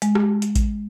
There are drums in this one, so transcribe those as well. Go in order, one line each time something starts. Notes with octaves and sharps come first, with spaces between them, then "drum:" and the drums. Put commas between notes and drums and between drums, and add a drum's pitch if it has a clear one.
G#3, drum: hi-hat
drum: rim click
drum: hi-hat
drum: kick A1, hi-hat